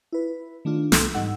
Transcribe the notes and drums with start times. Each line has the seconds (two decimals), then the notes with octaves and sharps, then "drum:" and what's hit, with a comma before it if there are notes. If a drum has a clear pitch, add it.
0.13 E4 B4
0.65 D#3 A3 D4 F4
0.92 C2 A3 A4 C6 G6, drum: snare
1.14 G#2 G3 D#4 F#5 E6